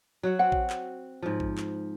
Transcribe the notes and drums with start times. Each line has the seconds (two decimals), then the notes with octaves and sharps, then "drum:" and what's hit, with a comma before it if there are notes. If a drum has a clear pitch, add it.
0.23 F#3 F#4 F#5
0.39 C4 F#5
0.52 drum: kick A1
0.70 drum: clap
1.22 G#2 F3
1.40 drum: kick A1
1.58 drum: clap